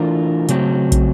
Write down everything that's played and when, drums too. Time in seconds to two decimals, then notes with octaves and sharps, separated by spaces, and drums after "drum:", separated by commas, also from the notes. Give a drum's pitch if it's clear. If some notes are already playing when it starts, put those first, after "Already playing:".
Already playing: E3 A3 D4 F4 A#4
0.49 C#3 F#3 A3 C4, drum: hi-hat
0.92 drum: kick, hi-hat